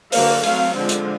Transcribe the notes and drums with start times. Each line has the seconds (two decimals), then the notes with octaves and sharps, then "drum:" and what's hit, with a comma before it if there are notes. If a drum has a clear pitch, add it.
0.12 D3 F#3 A#3 F5, drum: open hi-hat
0.43 F#3 A3 C4 F5, drum: cymbal
0.75 D3 F3 G#3 C4
0.89 drum: hi-hat